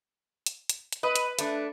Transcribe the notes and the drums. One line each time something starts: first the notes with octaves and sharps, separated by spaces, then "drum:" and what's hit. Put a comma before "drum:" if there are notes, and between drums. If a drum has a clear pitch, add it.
drum: hi-hat
drum: hi-hat
drum: hi-hat
B4 D#5
drum: hi-hat
A3 D4, drum: hi-hat